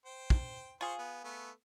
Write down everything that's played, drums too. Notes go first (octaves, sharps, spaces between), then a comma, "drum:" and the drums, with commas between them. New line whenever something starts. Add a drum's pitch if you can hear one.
C5 G5
drum: kick
F4 G#4 C5 C6 C#6
B3
A3 B3